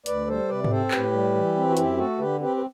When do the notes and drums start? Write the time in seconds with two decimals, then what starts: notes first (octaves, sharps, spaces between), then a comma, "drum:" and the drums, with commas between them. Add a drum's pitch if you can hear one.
0.06 D2 B4 D5, drum: hi-hat
0.27 G3 A4 C5
0.49 C3 B4 D5
0.64 B4, drum: tom G#2
0.71 C4 A4 C5
0.91 A2 G4 B4, drum: clap
1.13 G3
1.34 E3
1.56 C4
1.70 F#4
1.77 F#2 E4 G4, drum: hi-hat
1.97 A3 F#4 A4
2.19 D3 G4 B4
2.40 C4 G4 B4
2.57 B4